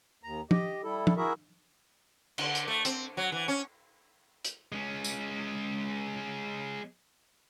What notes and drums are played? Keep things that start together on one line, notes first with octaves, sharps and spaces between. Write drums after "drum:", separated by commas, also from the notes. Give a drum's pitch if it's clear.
D#2 A#5
G4 D#5, drum: tom
G3 E4 A4
drum: tom
E4 F#4 G#4 A#4 E5
D3, drum: cymbal
drum: hi-hat
A3
C4, drum: hi-hat
F#3
E3
C#4
drum: hi-hat
G#3 C#4
drum: tambourine